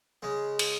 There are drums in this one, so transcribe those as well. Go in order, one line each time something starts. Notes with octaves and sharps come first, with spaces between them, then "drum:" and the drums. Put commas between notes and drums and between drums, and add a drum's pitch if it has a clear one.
C#3 G#3
drum: cymbal